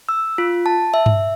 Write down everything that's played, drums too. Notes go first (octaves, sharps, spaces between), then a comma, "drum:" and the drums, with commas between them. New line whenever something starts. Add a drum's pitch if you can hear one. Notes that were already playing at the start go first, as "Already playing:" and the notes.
E6
F4
A5
E5
drum: tom G2